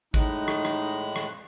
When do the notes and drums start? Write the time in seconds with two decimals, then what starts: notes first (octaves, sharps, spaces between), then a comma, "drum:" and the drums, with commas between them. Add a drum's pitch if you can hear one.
0.14 A2 G#3 D#4 F#6, drum: kick
0.48 drum: rim click
0.65 drum: rim click
1.16 drum: rim click